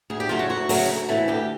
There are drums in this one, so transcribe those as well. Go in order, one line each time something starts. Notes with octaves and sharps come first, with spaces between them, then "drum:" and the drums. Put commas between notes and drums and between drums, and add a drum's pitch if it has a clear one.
D2 G#4
G4
C#3 F#3 A3 F4
F#4
D2 F#4
C#3 F#3 A3, drum: open hi-hat
D2
C3 E3 A3
D2 G4